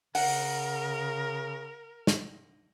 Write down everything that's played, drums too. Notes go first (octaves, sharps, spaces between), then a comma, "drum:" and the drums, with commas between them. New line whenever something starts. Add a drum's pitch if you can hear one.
C#3 A#4 F#5, drum: open hi-hat
drum: snare